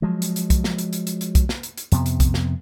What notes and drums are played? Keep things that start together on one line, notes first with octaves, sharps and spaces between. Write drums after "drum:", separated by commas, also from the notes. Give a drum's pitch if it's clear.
F3 F#3 G#3
drum: hi-hat
drum: hi-hat
drum: kick B1, hi-hat
drum: snare
drum: hi-hat
drum: hi-hat
drum: hi-hat
drum: hi-hat
drum: kick B1, hi-hat
drum: snare
drum: hi-hat
drum: hi-hat
F2 C3 B3, drum: hi-hat
drum: hi-hat
drum: kick B1, hi-hat
drum: snare